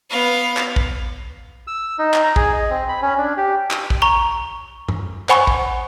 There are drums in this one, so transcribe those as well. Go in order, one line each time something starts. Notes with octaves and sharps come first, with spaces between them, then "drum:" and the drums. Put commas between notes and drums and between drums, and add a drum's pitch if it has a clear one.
B3 F5
drum: clap
drum: kick
E6
D#4
drum: clap
A#5
G#4, drum: kick
D#5
C4
B5
C#4
D4
G4
drum: clap
drum: kick
A#5 C#6 F7
drum: tom F#2
C5 F#5 G#5 B5 C#6, drum: clap
drum: kick